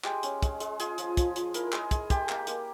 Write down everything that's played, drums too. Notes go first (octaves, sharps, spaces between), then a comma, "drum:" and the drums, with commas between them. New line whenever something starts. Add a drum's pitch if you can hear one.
G#3 G4, drum: clap
C#4, drum: hi-hat
G#3, drum: kick, hi-hat
G#3, drum: hi-hat
F4 G#4, drum: hi-hat
F3, drum: hi-hat
F3, drum: kick, hi-hat
F3, drum: hi-hat
E4 A#4, drum: hi-hat
A#4
G#3 G#4, drum: clap
G#3 G#4, drum: kick, hi-hat
G#3 G4, drum: kick, hi-hat
A#3, drum: clap
A#3, drum: hi-hat